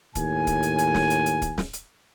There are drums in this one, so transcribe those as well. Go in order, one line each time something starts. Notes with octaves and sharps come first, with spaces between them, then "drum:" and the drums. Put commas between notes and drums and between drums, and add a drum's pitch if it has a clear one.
D#2 A2 G#5, drum: kick, hi-hat
drum: kick, hi-hat
drum: hi-hat
drum: hi-hat
drum: snare
drum: hi-hat
drum: hi-hat
drum: kick, hi-hat
drum: snare
drum: hi-hat